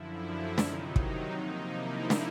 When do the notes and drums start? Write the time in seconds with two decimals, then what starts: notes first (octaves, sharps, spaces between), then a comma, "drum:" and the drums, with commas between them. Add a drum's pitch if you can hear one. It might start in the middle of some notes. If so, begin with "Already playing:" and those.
Already playing: F#2 D3 F3 E4
0.58 C3 D#3 F#3 D#4, drum: snare
0.96 D#4, drum: kick
1.34 C3 F3 A#3 D#4
1.73 E4
2.10 drum: snare